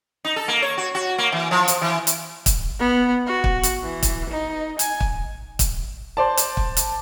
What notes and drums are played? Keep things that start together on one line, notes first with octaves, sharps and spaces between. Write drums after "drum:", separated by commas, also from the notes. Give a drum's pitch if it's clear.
D#4
A4
A#3
C#5
F#4
F#4
A#3
E3
F3
drum: hi-hat
E3
drum: hi-hat
drum: kick, hi-hat
B3
F#4
drum: kick
drum: hi-hat
E3
drum: kick, hi-hat
D#4
G#5, drum: hi-hat
drum: kick
drum: kick, hi-hat
C5 D5 A5
drum: hi-hat
drum: kick
drum: hi-hat